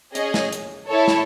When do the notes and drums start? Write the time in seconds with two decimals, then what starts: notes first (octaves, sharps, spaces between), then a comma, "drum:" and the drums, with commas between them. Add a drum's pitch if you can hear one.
0.15 C#4 G#4 D#5, drum: hi-hat
0.34 drum: snare
0.52 drum: hi-hat
0.89 E4 A4 C#5
1.08 drum: snare